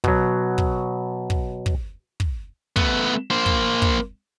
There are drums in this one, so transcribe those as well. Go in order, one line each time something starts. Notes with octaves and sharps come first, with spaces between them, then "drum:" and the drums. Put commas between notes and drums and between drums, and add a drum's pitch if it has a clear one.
B2 F#3, drum: kick
drum: kick
drum: kick
drum: kick
drum: kick
A3 B3, drum: kick
A#3 C5
drum: kick
drum: kick